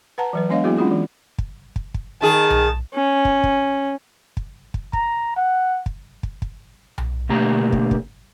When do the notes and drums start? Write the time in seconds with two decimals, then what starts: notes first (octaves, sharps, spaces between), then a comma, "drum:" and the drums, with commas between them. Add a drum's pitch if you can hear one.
0.18 B4 F#5 A5 A#5
0.33 E3 F#3 B4
0.49 G#3 B3 D4 C#5 D#5 F5
0.64 F#3 A#3 B3 E4 F#4 G#4
0.77 G#3 C#4 D4 F4 G#4
0.91 E3
1.38 drum: kick
1.76 drum: kick
1.94 drum: kick
2.22 D#3 G#4 A5
2.50 drum: tom B1
2.94 C#4
3.25 drum: kick
3.44 drum: kick
4.37 drum: kick
4.74 drum: kick
4.93 A#5, drum: kick
5.36 F#5
5.86 drum: kick
6.23 drum: kick
6.42 drum: kick
6.98 drum: tom B1
7.29 B2 D3 A3 A#3 G4 A#5
7.72 drum: kick
7.91 drum: kick